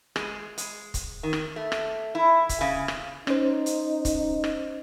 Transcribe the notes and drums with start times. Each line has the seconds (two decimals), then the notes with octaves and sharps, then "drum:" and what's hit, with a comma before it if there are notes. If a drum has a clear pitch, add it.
0.16 G#3, drum: rim click
0.58 G#3, drum: hi-hat
0.94 drum: kick C#1, hi-hat
1.23 D#3
1.33 drum: rim click
1.56 A3
1.72 drum: rim click
2.15 E4
2.49 drum: kick C#1, hi-hat
2.61 C#3
2.88 drum: rim click
3.27 C#4 D#4 C5, drum: rim click
3.66 drum: hi-hat
4.05 drum: kick C#1, hi-hat
4.44 drum: rim click